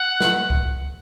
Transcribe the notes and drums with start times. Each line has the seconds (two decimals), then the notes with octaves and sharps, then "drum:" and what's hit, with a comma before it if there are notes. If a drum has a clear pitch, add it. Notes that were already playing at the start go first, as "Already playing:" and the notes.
Already playing: F#5
0.20 drum: snare
0.50 drum: kick C2